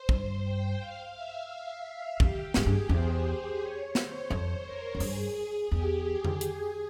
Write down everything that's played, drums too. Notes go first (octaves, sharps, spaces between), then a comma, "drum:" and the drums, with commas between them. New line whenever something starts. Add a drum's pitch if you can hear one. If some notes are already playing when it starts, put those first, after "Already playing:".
Already playing: C5
G2, drum: kick
G5
F5
E5
E5
F2 G4, drum: kick
G#2 G#4, drum: snare
G2
E2 C5
C#5
C5, drum: snare
F2 C#5
A#4
F2
G2 G#4, drum: open hi-hat
G#4
E2 G4
drum: tom F2
G#4, drum: hi-hat